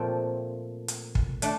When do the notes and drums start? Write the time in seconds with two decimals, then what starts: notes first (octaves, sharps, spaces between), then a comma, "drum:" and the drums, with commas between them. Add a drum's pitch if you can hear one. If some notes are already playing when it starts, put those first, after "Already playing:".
Already playing: A#2 F3 A3 C4
0.88 drum: hi-hat
1.15 drum: kick
1.42 A3 D4, drum: hi-hat